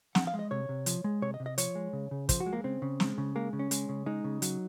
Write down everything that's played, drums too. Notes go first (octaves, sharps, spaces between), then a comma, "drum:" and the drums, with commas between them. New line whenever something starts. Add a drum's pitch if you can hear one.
F3 F#5, drum: snare
F5
G#3
D#5
C3 C#5
C3
F3, drum: hi-hat
G#3
C3 C#5
D#5
C3
D#5
F3 C#5, drum: hi-hat
G#3
C#3
C#3
F3 C5, drum: kick, hi-hat
F#4
G#3
A#3
C#3 C4
C#3
G#3, drum: snare
C#3
G#3 A#3
C#3
C#4
G#3, drum: hi-hat
C#3
G#3 D#4
C#3
F#3, drum: hi-hat